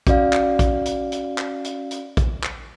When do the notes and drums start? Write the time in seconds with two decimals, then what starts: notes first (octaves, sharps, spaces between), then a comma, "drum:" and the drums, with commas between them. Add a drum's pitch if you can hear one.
0.07 C#4 F#4 D5 F5, drum: kick, hi-hat
0.33 drum: clap
0.59 drum: kick, hi-hat
0.86 drum: hi-hat
1.12 drum: hi-hat
1.38 drum: clap
1.64 drum: hi-hat
1.91 drum: hi-hat
2.17 drum: kick, hi-hat
2.43 drum: clap